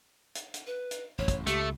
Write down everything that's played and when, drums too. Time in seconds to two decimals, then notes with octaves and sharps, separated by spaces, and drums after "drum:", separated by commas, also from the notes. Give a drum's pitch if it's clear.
0.35 drum: hi-hat
0.54 drum: hi-hat
0.67 B4
0.91 drum: hi-hat
1.18 A1 F#2 C#5
1.28 drum: kick, hi-hat
1.47 C#2 A3 G4, drum: hi-hat